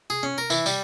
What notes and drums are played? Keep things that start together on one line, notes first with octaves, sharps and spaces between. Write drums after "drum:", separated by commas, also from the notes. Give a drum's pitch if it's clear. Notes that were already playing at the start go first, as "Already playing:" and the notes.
G#4
C#4
A#4
E3, drum: tambourine
G3, drum: tambourine